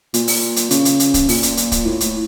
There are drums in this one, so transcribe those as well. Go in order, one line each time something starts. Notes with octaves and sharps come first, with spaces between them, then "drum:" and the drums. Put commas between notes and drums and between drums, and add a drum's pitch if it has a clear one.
A#2, drum: hi-hat
drum: open hi-hat
drum: hi-hat
C#3, drum: hi-hat
drum: hi-hat
drum: hi-hat
drum: kick, hi-hat
A#2, drum: open hi-hat
drum: hi-hat
drum: hi-hat
drum: kick, hi-hat
A2
drum: hi-hat